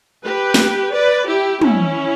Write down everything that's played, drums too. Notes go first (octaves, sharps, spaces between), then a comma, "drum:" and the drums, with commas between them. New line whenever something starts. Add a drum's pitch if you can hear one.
G4 B4
drum: snare
B4 D5
E4 G4
C#4 E4, drum: tom